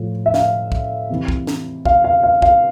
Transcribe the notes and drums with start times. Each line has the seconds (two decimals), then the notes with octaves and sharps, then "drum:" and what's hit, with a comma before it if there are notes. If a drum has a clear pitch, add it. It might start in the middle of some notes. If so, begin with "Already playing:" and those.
Already playing: A2 F3
0.26 E5
0.34 F5, drum: snare
0.72 drum: kick
1.10 C3 E3
1.28 drum: kick
1.47 drum: snare
1.85 F5, drum: kick
2.04 F5
2.23 F5
2.42 F5, drum: kick